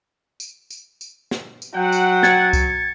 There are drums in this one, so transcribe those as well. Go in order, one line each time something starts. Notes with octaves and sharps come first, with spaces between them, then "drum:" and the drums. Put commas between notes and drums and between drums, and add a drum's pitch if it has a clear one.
drum: tambourine
drum: tambourine
drum: tambourine
drum: snare
drum: tambourine
F#3 F#5 G5
drum: tambourine
G#6 A6 C#7, drum: snare
drum: kick C2, tambourine